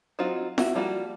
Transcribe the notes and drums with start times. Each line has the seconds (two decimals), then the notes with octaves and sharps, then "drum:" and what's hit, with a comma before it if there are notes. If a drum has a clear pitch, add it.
0.19 F#3 C4 D#4 F4 F#4
0.58 E4 F#4, drum: snare
0.75 F3 G3 A#3 F4 F#4